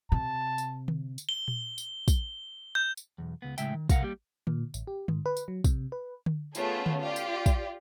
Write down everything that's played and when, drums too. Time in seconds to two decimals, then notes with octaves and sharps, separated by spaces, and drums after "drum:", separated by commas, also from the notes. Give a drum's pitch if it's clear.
0.12 C3 A5
0.58 drum: tambourine
0.88 drum: tom D3
1.18 drum: tambourine
1.29 G7
1.48 drum: tom A#2
1.78 drum: tambourine
2.08 drum: kick, tambourine
2.75 G6
2.97 drum: tambourine
3.18 B1 E2
3.42 C#2 B3
3.58 A2 C#3 G#3 E5 G5, drum: tambourine
3.74 D#3
3.90 B1 C3 A#4 F5 F#5, drum: kick, tambourine
4.02 G3 A#3 G4
4.47 A#2, drum: tom D3
4.74 A1, drum: tambourine
4.87 G4
5.08 G#2, drum: tom D3
5.26 B4
5.37 drum: tambourine
5.48 F#3
5.64 C3, drum: kick, tambourine
5.92 B4
6.26 drum: tom D3
6.55 A3 B3 C#4 F4 G#4 A4, drum: tambourine
6.86 drum: tom D3
7.01 F4 G4 D5
7.16 drum: tambourine
7.46 drum: kick, tambourine